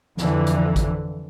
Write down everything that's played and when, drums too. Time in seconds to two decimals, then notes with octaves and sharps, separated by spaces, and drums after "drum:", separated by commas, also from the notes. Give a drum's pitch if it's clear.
0.17 F2 D3 E3, drum: snare
0.47 drum: hi-hat
0.76 drum: kick G#1, hi-hat